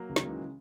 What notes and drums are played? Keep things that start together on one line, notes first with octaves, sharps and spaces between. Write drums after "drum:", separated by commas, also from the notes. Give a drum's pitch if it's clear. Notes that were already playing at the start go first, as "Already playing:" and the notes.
Already playing: F#3 A#3
C#2
D#3 F#3, drum: snare
C#3 E3 G#3